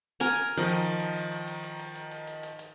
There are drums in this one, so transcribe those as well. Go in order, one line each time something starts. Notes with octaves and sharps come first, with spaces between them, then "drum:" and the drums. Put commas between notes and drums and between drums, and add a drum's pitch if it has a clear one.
A#4 G#5 A#5, drum: hi-hat
drum: hi-hat
D#3 F3 D#4 D#5
drum: hi-hat
drum: hi-hat
drum: hi-hat
drum: hi-hat
drum: hi-hat
drum: hi-hat
drum: hi-hat
drum: hi-hat
drum: hi-hat
drum: hi-hat
drum: hi-hat
drum: hi-hat
drum: hi-hat